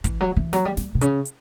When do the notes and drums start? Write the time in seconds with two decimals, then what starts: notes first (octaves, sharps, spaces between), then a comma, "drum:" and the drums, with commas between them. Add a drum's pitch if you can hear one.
0.04 E3, drum: kick, hi-hat
0.21 F#3
0.36 E3
0.53 F#3, drum: snare
0.65 G3
0.77 G3, drum: snare
0.95 B2
1.01 C#3, drum: hi-hat
1.25 drum: hi-hat